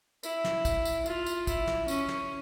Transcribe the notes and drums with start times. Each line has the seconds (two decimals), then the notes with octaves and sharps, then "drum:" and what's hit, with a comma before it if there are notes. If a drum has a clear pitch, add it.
0.23 E4, drum: tambourine
0.44 drum: snare
0.65 drum: kick, tambourine
0.85 drum: tambourine
1.06 F4, drum: tambourine
1.26 drum: tambourine
1.47 E4, drum: kick, tambourine
1.67 drum: snare
1.88 C#4, drum: tambourine
2.08 drum: snare